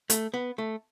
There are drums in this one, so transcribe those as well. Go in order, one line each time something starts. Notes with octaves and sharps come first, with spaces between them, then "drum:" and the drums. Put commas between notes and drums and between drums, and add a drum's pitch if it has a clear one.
A3, drum: hi-hat
B3
A3